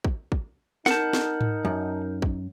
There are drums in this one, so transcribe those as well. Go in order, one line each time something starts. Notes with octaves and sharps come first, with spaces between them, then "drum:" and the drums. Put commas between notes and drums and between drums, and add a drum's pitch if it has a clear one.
drum: kick
drum: kick
D#4 A#4 F#5 A5 G6, drum: snare
drum: snare
drum: tom G#2
F#2
drum: kick